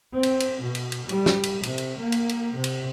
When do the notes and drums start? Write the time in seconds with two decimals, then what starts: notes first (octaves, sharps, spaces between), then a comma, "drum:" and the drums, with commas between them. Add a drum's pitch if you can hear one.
0.14 C4
0.23 drum: cymbal
0.40 drum: cymbal
0.62 B2
0.75 drum: cymbal
0.92 drum: cymbal
1.09 G3, drum: cymbal
1.26 drum: snare
1.43 drum: cymbal
1.63 C3, drum: cymbal
1.78 drum: cymbal
1.99 A#3
2.12 drum: cymbal
2.29 drum: cymbal
2.55 C3
2.64 drum: cymbal